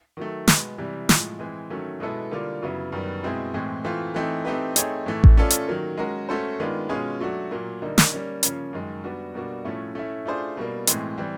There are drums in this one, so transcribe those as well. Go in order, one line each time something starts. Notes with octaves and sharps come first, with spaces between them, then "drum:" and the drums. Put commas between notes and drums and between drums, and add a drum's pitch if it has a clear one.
D#3 F#3 A3
B2 G#3 B3, drum: snare
C3 E3 G3
A2 F3 G#3, drum: snare
E3 G#3 C4
D#3 F#3 A3 C#4
B2 G#3 B3 E4 A4
D3 G3 A#3 D4 F4
F#2 C#3 F#3 B3 E4
F#2 D#3 G3 B3
B2 G#3 C4 E4 G#4
A2 E3 G#3 C4
E3 A3 C4 F4
E3 A3 C4 D#4
A3 C4 D#4 G4 B4
A3 C4 D#4 G#4 C#5, drum: hi-hat
A2 E3 A3
drum: kick A1
A3 C#4 F4 A4 D5
drum: hi-hat
D#3 F#3 A#3
G#3 C#4 F#4 A#4
A3 C#4 F#4 A4 C5
D#3 G#3 B3 D4 F4
B2 G#3 C#4 F4 G#4
F#3 A3 D4 F#4
A#2 F#3 A#3
D3 G3 A#3 D#4
drum: snare
G3 A#3 C#4
C#3 F3 A#3 C#4, drum: hi-hat
F#2 D#3 G#3
G3 B3 D4 F#4
B2 G3 A#3 D4 F#4
A2 F3 A3 C#4 E4
A3 C#4 E4
A3 D4 F4 G#4 C5
B2 G3 A#3
A2 E3 G#3 C4, drum: hi-hat
E3 G3 C4